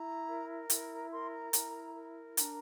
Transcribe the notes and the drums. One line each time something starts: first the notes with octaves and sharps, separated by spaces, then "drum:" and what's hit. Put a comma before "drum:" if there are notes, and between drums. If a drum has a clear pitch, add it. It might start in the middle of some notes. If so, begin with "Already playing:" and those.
Already playing: E4 A#5
A#4
E4, drum: hi-hat
A#5
A#4 C6
A#5
E4, drum: hi-hat
A#4
D4 A#5, drum: hi-hat